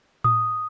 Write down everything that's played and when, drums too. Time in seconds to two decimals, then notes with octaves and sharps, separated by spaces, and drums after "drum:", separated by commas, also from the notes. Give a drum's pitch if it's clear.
0.24 D#6, drum: tom A2